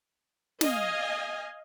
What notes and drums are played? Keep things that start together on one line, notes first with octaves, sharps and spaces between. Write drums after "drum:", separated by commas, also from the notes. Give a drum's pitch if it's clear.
D#5 F5 G#5, drum: snare